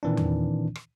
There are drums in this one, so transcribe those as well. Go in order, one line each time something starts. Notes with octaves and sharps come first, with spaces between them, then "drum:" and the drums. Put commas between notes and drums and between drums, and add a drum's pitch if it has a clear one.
A#2 D#3 E3 C4 D4
drum: tom E2
drum: rim click